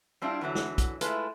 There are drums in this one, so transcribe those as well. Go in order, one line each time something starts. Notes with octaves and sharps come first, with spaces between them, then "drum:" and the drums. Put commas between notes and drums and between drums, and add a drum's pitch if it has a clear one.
G3 C4 D4 E4 F4
E2 D3 E3 F#3
drum: snare
drum: kick, hi-hat
G#3 A3 E4 F4 B4, drum: hi-hat